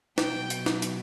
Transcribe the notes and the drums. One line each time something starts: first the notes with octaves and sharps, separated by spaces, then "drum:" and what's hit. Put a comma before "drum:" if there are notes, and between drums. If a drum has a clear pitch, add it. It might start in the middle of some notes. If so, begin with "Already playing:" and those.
B2 F#3 G5, drum: snare
drum: hi-hat
drum: snare
drum: hi-hat